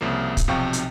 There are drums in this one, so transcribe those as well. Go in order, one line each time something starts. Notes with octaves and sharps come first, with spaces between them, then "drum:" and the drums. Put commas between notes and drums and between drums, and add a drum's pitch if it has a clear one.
C2 C#3 F3 A#3
drum: kick, hi-hat
B1 C3 F3 F5 G5 C#6
drum: hi-hat